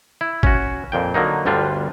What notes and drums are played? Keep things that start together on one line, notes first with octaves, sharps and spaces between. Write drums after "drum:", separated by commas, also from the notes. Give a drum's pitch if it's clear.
E4
C#4 F#4, drum: kick G#1
F2 A#2 G5
D3 F#3 A#3 D#4
G1 D2 D3 G3 D4 F4